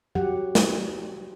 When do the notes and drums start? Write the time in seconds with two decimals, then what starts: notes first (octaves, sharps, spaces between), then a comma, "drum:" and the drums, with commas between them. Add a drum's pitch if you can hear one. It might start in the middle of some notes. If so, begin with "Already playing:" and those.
0.15 F#3 G4 F#5
0.55 drum: snare